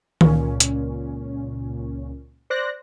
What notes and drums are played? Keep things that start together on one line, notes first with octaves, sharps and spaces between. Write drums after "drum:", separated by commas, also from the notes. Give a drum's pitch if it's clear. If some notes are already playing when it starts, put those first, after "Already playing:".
C#2 A#2 C#4, drum: tom D#3
drum: hi-hat
C5 D5 F#6 A#6